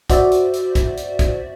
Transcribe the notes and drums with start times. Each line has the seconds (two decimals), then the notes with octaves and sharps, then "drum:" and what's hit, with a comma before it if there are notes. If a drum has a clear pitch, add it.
0.10 F#4 C5 D5 E5, drum: kick, hi-hat
0.31 drum: hi-hat
0.53 drum: hi-hat
0.75 drum: kick, hi-hat
0.97 drum: hi-hat
1.19 drum: kick, hi-hat